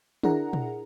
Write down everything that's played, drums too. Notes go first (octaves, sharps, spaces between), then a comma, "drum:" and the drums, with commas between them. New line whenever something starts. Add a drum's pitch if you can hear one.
D4 E4 G#4 A#4 F#5 A#5, drum: tom
drum: tom